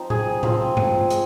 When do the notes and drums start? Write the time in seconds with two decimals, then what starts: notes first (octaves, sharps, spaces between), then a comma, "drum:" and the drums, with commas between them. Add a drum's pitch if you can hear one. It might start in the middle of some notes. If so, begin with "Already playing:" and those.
Already playing: F3 C4 D#4
0.10 G#4, drum: tom A2
0.43 F3 C4 F4, drum: tom A2
0.77 drum: tom G2
1.10 G#3, drum: hi-hat